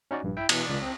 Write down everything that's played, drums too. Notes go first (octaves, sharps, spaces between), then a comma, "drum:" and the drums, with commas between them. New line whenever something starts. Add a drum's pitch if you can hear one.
C#4 D#4 F#4 D5
A#1 G2
E4 E5 G5
B2 E3, drum: cymbal
C#2 D5
C4